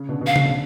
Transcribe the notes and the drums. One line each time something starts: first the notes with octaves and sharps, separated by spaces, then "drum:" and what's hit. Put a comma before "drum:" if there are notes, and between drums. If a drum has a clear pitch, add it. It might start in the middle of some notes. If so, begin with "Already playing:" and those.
Already playing: C#3
B2 D3
B2
C#3 F5
C#3, drum: tom
B2 D3